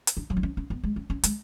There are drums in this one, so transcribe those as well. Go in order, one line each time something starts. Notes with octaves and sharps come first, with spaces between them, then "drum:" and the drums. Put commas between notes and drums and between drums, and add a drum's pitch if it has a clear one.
drum: hi-hat
D4
F#3
D4
C#4
C#4
B3
G#3
C#4
C#4
G#3, drum: hi-hat